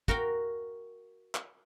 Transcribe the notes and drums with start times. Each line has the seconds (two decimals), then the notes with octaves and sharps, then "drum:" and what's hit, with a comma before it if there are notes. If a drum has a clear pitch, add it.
0.08 F#4 A#4 F5 G5, drum: kick
1.35 drum: clap